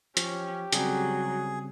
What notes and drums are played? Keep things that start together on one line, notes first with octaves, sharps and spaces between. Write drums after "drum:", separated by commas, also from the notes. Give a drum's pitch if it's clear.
F3 C#4 G4, drum: hi-hat
C#3 F#3 G3 C4 G#4, drum: hi-hat